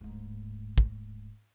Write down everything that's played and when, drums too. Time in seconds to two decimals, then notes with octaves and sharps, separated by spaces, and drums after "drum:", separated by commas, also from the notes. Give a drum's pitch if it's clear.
0.01 D1 G#2
0.78 drum: kick